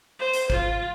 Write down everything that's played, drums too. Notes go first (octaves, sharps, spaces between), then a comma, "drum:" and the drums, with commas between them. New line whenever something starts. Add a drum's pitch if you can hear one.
C5
drum: hi-hat
F4, drum: kick G#1